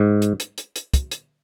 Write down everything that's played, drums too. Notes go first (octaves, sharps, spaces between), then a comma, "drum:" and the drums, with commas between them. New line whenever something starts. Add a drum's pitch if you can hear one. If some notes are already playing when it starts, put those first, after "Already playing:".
Already playing: G#2
drum: hi-hat
drum: hi-hat
drum: hi-hat
drum: hi-hat
drum: kick, hi-hat
drum: hi-hat